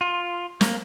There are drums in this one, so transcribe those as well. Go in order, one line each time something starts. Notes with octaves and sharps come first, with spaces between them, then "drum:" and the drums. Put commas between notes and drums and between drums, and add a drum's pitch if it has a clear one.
F4
A#3, drum: snare